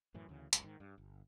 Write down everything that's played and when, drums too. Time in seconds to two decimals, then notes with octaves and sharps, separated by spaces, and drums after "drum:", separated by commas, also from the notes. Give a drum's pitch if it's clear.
0.14 F#2 A2 E3
0.29 D2 C#3 E3
0.53 F#1 C#2, drum: hi-hat
0.64 G#2 D#3
0.80 G2
0.98 G1